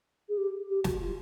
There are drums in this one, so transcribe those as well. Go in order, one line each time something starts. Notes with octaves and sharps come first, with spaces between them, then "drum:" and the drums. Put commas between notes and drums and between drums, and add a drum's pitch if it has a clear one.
G#4
G4
G4
F#4, drum: snare
F4